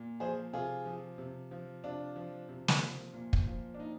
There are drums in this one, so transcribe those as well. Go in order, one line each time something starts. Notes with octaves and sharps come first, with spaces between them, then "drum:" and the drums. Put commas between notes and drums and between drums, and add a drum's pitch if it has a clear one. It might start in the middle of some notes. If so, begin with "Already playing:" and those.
Already playing: A#2
F3 G#4 C5
C3 F4 G#4
F3
C3
F3
C3 D4 F4
F3
C3
drum: snare
F3
A#2
drum: kick
F3
D4
A#2 D#4